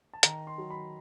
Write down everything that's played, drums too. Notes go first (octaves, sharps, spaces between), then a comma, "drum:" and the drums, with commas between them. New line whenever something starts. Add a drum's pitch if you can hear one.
A5
D#3 A#5, drum: hi-hat
C6
F#3
B5